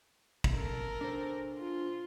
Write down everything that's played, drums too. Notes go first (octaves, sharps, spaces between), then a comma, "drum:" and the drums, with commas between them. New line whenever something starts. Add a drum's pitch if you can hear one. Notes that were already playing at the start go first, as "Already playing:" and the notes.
drum: kick
A4 A#4
D4 C5
F4